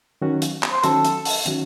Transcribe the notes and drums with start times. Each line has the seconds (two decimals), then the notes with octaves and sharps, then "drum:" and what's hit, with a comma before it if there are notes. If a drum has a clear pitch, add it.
0.22 D#3 F#3 C#4 F#4
0.42 drum: hi-hat
0.63 drum: clap
0.72 C5
0.84 D#3 F#3 C#4 F#4 A4, drum: hi-hat
1.05 drum: hi-hat
1.25 drum: open hi-hat
1.46 D#3 F#3 C#4 F#4, drum: hi-hat